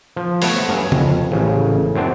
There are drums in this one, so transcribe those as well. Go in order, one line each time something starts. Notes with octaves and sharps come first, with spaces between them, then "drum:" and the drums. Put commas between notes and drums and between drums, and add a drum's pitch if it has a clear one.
F3
A3 B3 B4 C#5, drum: open hi-hat
G2 F#3 C#4
F2, drum: tom C#3
A1 C#3
F#2 F#3 C4 D4